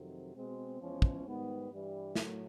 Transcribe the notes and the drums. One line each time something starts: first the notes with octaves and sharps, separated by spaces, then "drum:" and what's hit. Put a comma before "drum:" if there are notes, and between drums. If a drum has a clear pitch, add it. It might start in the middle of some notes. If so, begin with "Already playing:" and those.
Already playing: F2 C3 D#3 F#3
B2 G#3 C4
E2 C#3 F3 G#3 C#4
drum: kick
G#2 D#3 G3 B3
G2 E3 G3
A2 F#3 A3, drum: snare